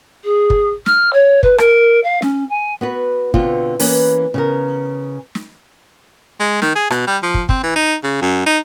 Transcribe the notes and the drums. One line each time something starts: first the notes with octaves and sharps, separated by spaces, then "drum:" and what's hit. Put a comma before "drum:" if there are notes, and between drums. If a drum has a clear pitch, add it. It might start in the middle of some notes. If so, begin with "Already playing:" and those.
G#4
drum: kick
F6, drum: snare
C#5
B4, drum: kick
A#4, drum: rim click
F5
C#4, drum: snare
G#5
B3 F#4 B4
B2 D3 B3 C4 F4, drum: kick
E3 A#3 C#4 B4, drum: open hi-hat
C#3 B3 A#4
drum: snare
G#3
D#3, drum: snare
G#4
B2, drum: rim click
G3
F3
drum: kick
C4, drum: kick
E3
D#4
C#3
F#2
D#4